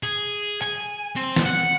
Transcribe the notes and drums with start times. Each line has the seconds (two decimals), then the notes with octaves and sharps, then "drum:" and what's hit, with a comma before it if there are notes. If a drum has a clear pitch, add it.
0.03 G#4
0.62 G#5, drum: hi-hat
1.16 C4
1.36 drum: snare
1.46 F#5